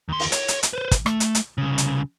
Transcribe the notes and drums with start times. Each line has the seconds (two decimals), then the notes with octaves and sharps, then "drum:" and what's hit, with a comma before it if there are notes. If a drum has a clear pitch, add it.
0.09 D#2 C6
0.20 drum: open hi-hat
0.32 C#5, drum: hi-hat
0.48 drum: hi-hat
0.63 drum: hi-hat
0.73 B4 C5
0.91 drum: kick, hi-hat
1.06 A3, drum: rim click
1.20 drum: hi-hat
1.35 drum: hi-hat
1.58 C2 C#3
1.78 drum: hi-hat